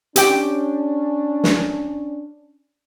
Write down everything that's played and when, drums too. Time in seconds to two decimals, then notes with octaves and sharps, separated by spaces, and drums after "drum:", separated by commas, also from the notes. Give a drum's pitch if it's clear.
0.16 C#4 D4 G4 G5, drum: hi-hat
1.44 drum: snare